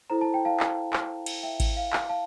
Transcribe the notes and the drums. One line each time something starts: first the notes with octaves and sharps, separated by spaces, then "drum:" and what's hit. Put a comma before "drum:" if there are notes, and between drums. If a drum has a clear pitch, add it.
E4 A4 C5 A#5
A5
G5
F5 A5
drum: clap
drum: clap
drum: cymbal
E5 G5
E5, drum: kick G#1, cymbal
F5
F5, drum: clap
F5 A5